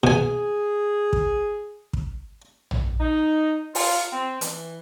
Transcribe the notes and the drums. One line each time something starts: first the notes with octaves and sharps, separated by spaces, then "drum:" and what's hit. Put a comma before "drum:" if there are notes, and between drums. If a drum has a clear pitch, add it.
B2 G#4 G#5
drum: kick
drum: kick
drum: tom A#1
D#4
F4, drum: open hi-hat
C4
E3, drum: hi-hat